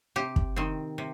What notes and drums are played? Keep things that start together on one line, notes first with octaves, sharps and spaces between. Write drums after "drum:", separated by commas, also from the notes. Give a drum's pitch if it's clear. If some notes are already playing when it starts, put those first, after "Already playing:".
C3 G4
drum: kick
D#3 C4
C3